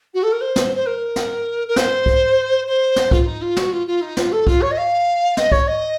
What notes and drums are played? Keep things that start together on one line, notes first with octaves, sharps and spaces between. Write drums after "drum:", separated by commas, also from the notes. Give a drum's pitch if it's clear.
F#4
A4
A#4
C5
drum: snare
C5
A#4
drum: snare
A#4
C5, drum: snare
drum: kick
C5
drum: snare
F4, drum: kick
D#4
F4
F#4, drum: snare
F4
F4
D#4
F4, drum: snare
A4
F4, drum: kick
C#5
D#5
F5
D#5, drum: snare
C#5, drum: kick
D#5